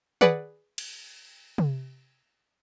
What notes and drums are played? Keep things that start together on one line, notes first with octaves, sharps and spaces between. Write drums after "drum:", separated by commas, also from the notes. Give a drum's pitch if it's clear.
G#4 B4 D5 F#5, drum: tom D#3
drum: cymbal
drum: tom